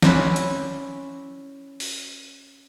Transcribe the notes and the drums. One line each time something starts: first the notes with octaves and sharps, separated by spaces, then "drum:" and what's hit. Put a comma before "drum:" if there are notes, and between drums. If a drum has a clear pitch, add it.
C#4 E4 F#4 C5 D5 B5, drum: snare
drum: hi-hat
drum: open hi-hat